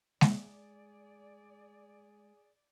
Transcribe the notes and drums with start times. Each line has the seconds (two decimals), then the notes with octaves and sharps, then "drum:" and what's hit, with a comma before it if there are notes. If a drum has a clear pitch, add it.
0.21 G#3 G#4 D5, drum: snare G#3